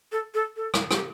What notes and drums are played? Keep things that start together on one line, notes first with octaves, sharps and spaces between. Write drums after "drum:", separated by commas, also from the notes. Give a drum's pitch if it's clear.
A4
A4
A4
drum: rim click
G4, drum: rim click